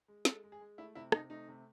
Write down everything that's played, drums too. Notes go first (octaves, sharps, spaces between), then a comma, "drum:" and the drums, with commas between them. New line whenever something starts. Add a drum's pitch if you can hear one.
G#3
G#3 A4, drum: snare
G#3
G#4
G#3
A3 E4
C3 E4
C3 D#4, drum: rim click
A3 D#4
C3